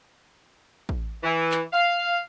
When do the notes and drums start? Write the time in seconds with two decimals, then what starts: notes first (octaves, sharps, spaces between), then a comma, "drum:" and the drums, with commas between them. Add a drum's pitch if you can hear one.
0.89 drum: kick A1
1.23 E3
1.52 drum: clap
1.73 F5